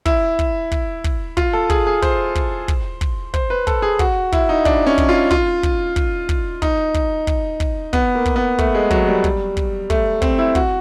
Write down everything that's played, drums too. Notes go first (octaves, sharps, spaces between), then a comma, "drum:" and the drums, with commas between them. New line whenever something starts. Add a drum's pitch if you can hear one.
E4, drum: kick
drum: kick
drum: kick
drum: kick
F4, drum: kick
A4
G#4, drum: kick
G#4
C5, drum: kick
drum: kick
drum: kick
drum: kick
C5, drum: kick
B4
A4, drum: kick
G#4
F#4, drum: kick
E4, drum: kick
D#4
D4, drum: kick
C#4
drum: kick
F4
F4, drum: kick
drum: kick
drum: kick
drum: kick
D#4, drum: kick
drum: kick
drum: kick
drum: kick
B3, drum: kick
A#3
drum: kick
B3
A3, drum: kick
G#3
F#3, drum: kick
G3
drum: kick
drum: kick
A3, drum: kick
C4, drum: kick
E4
F#4, drum: kick